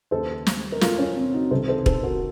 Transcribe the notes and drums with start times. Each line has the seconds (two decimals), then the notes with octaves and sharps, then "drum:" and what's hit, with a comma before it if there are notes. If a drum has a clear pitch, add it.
0.11 D#2 C#3 A4 C5
0.47 drum: snare
0.72 A#4
0.81 F4 A4, drum: snare
0.98 C#4
1.16 C4
1.33 D#4 F#4
1.51 C2 C3 D#3 A4 C5
1.68 A4 C5
1.86 A4 C5, drum: kick
2.03 F#4 A#4